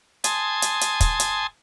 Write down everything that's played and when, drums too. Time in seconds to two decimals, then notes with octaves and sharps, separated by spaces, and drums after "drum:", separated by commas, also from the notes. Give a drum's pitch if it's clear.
0.24 G#5 A5 C6 D#6, drum: hi-hat
0.62 drum: hi-hat
0.81 drum: hi-hat
1.00 drum: kick, hi-hat
1.20 drum: hi-hat